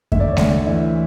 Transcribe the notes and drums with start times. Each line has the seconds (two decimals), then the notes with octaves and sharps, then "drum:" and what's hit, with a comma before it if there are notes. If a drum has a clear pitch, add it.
0.12 D2 E5, drum: kick F#2
0.20 D5
0.28 C#5
0.37 D2 D5, drum: snare G#3
0.66 E3 E5